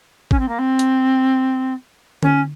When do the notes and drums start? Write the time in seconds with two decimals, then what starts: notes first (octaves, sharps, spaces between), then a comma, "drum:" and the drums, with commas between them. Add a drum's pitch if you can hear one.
0.31 C#4, drum: kick G#1
0.39 C4
0.48 A#3
0.59 C4
0.79 drum: hi-hat
2.23 C#4, drum: tom D3